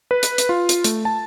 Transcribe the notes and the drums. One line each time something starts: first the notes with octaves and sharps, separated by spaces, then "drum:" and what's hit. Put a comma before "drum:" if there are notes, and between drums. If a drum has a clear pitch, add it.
B4
drum: hi-hat
drum: hi-hat
F4
drum: hi-hat
A3, drum: hi-hat
A5